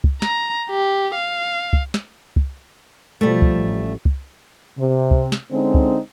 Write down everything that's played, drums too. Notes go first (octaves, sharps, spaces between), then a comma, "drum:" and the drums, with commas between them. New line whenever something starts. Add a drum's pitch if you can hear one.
drum: kick
A#5, drum: snare
G4
F5
drum: kick
drum: snare
drum: kick
B2 F3 G3 A3
drum: kick
A1
drum: kick
C3
drum: kick
drum: snare
D3 G#3 C4 C#4 D#4
drum: kick